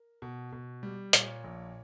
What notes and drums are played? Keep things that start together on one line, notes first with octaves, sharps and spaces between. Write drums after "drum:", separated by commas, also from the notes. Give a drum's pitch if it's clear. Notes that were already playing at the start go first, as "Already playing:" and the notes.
Already playing: A#4
B2
B2
G3
A#2 C#5, drum: hi-hat
A#1